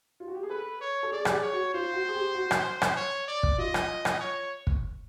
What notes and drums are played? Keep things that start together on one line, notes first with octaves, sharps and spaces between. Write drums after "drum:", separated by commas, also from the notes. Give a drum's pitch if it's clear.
F4
F#4
G4
G#4
A4 B4
C#5
A4
G#4 D5
G4, drum: rim click
G#4
C#5
F#4
F4 C5
F#4
G#4
G4
F#4
drum: rim click
drum: rim click
C#5
D5
drum: kick
F4 D#5
drum: rim click
drum: rim click
C#5
drum: kick